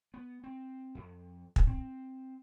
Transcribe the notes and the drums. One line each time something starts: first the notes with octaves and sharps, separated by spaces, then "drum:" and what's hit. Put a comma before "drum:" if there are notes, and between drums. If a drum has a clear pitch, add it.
B3
C4
F2
drum: kick
C4